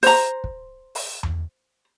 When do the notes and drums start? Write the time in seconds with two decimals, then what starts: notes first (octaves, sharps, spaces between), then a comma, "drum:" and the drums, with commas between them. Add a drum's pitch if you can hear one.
0.03 C5 A#5, drum: open hi-hat
0.44 drum: kick
0.95 drum: open hi-hat
1.23 drum: tom E2